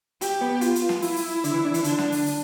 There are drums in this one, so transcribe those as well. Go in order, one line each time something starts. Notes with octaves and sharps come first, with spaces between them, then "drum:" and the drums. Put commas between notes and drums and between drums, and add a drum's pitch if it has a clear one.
G4, drum: hi-hat
B3
F4, drum: hi-hat
drum: hi-hat
drum: snare
E4, drum: open hi-hat
drum: open hi-hat
D3, drum: hi-hat
E3
D4
E3, drum: hi-hat
D3 D4, drum: hi-hat
drum: snare
drum: open hi-hat
drum: open hi-hat